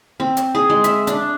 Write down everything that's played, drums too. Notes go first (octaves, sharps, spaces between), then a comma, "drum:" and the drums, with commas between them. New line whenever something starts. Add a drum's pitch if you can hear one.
C4
drum: hi-hat
G#4
G#3
E5, drum: hi-hat
D4, drum: hi-hat